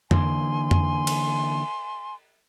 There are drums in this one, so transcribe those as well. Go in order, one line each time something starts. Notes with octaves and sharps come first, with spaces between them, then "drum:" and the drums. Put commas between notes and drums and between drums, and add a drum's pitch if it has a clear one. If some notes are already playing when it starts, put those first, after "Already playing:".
D3 E3 A#3 G#5 C6, drum: tom F2
drum: tom F2
drum: cymbal